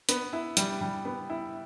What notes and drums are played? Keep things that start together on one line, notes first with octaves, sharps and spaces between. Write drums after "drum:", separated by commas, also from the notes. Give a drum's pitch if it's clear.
B3, drum: hi-hat
E4
G3, drum: hi-hat
G3
B3
E4